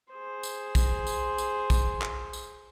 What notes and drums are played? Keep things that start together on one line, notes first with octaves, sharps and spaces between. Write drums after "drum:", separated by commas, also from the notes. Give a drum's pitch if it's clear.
G#4 C5
drum: tambourine
drum: kick, tambourine
drum: tambourine
drum: tambourine
drum: kick, tambourine
drum: clap
drum: tambourine